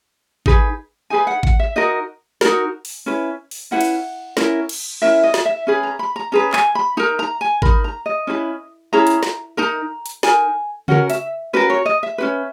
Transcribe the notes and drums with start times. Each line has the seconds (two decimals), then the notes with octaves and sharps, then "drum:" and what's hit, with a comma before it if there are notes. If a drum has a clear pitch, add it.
0.46 D#4 G#4 B4, drum: kick G#1
1.10 D#4 G#4 B4 G#5
1.27 F#5
1.43 F#5, drum: kick G#1
1.59 E5
1.76 D#4 F#4 A#4 D#5
2.41 D#4 F#4 A#4, drum: snare
2.85 drum: open hi-hat
3.06 C#4 E4 B4
3.51 drum: open hi-hat
3.71 C#4 E4 B4 F#5
3.81 drum: cymbal
4.37 C#4 E4 A#4, drum: snare
4.69 drum: cymbal
5.02 C#4 E4 A#4 E5
5.23 D#5
5.34 drum: snare
5.45 E5
5.67 C#4 G#4 B4
5.83 A#5
5.99 B5
6.16 A#5
6.32 C#4 G#4 B4 A#5
6.53 G#5, drum: clap
6.75 B5
6.97 D#4 A#4 A#5
7.19 A#5
7.41 G#5
7.62 D#4 A#4 B5, drum: kick G#1
7.84 A#5
8.06 D#5
8.27 C#4 E4 G#4 B4
8.93 C#4 E4 G#4 A#5
9.07 drum: hi-hat
9.23 drum: snare
9.57 D#4 A#4 A#5
10.06 drum: hi-hat
10.23 D#4 A#4 G#5, drum: snare
10.88 C#4 F#4 A#4 F#5, drum: tom C#3
11.10 E5, drum: hi-hat
11.53 C#4 F#4 A#4 B4
11.70 C#5
11.86 D#5
12.03 E5
12.18 C#4 F#4 B4